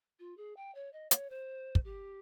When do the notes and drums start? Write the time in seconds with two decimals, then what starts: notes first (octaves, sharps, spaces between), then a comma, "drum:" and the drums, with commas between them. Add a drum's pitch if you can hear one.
0.19 F4
0.37 G#4
0.57 G5
0.75 C#5
0.93 D#5
1.11 C#5, drum: hi-hat
1.30 C5
1.75 drum: kick
1.84 G4